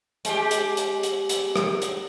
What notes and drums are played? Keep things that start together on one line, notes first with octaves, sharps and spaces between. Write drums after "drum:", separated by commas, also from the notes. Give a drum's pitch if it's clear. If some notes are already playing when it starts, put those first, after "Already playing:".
G#3 G4, drum: hi-hat
drum: hi-hat
drum: hi-hat
drum: hi-hat
drum: hi-hat
drum: rim click
drum: hi-hat